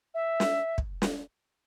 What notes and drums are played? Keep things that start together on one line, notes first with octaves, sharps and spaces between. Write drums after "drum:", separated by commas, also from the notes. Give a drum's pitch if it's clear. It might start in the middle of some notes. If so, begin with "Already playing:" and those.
E5
drum: snare
drum: kick
drum: snare